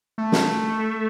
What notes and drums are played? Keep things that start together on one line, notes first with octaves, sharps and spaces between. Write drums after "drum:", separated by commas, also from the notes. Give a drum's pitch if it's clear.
A3
drum: snare